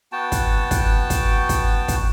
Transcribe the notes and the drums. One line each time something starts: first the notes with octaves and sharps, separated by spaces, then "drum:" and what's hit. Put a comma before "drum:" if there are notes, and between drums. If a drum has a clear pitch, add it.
B3 F#4 G5 A5
drum: kick, hi-hat
drum: kick, hi-hat
drum: kick, hi-hat
drum: kick, hi-hat
drum: kick, hi-hat